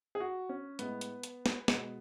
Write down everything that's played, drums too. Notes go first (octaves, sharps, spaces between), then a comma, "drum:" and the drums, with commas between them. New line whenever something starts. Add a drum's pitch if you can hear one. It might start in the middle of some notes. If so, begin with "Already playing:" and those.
G#4
F#4
C#4
A2 G#3 B3, drum: hi-hat
drum: hi-hat
drum: hi-hat
drum: snare
B2 G#3, drum: snare